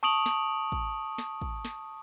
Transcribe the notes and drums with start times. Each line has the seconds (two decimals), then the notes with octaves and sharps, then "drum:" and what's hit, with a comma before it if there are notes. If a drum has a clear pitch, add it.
0.03 A5 C#6 D#6 D7 F7 F#7
0.26 drum: snare
0.72 drum: kick
1.18 drum: snare
1.41 drum: kick
1.65 drum: snare